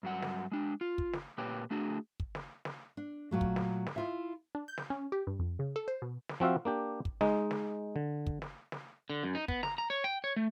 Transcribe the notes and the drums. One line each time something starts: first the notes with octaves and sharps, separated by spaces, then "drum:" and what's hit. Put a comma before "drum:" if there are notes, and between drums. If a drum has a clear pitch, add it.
G2 F#3 F#5
drum: snare
G#3 D4
F4
drum: kick
drum: snare
A#2 A#3 G4 B4 C#5 G5
A3 D4 F#4 G#4
drum: kick
drum: snare
drum: snare
D4
A#2 F#3 A3
drum: kick
drum: snare
drum: snare
E4 F4 E5
D4
G6
drum: snare
C#4
G4
G2
F2
C#3
A4
C5
B2
drum: snare
F3 C4 F#4 E5 F5
A#3 D4 G4
drum: kick
G#3 D#4, drum: snare
drum: snare
D3
drum: kick
drum: snare
drum: snare
D3
F#2
D#4
B3, drum: kick
A#5, drum: snare
A#5
C#5
G5
C#5
A3